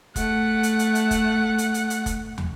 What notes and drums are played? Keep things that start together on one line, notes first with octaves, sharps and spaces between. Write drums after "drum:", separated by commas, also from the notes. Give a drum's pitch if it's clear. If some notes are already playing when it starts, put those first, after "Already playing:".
A3 F#5, drum: kick F1, hi-hat
drum: hi-hat
drum: hi-hat
drum: hi-hat
drum: kick F1, hi-hat
drum: hi-hat
drum: hi-hat
drum: hi-hat
drum: kick F1, hi-hat
drum: tom